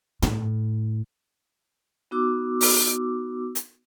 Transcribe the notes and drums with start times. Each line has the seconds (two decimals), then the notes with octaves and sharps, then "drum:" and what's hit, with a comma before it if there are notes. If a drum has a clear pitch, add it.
0.22 A2, drum: tom
2.11 B3 D#4 F#4 D6 E6
2.61 drum: open hi-hat
3.55 drum: hi-hat